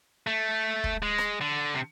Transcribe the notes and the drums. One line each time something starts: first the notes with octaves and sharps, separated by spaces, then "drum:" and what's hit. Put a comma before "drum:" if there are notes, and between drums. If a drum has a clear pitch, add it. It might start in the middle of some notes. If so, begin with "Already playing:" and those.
A3
drum: kick
G#3
drum: rim click
D3
C3